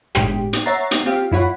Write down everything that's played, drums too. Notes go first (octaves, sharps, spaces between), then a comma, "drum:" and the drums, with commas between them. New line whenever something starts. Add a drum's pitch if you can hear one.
G1 A2 G#3 G4, drum: rim click
drum: hi-hat
C#5 E5 F#5 A#5 A6 C7
drum: hi-hat
C4 F4 G4 F5
F#2 E4 F4 C#5 F#5 B5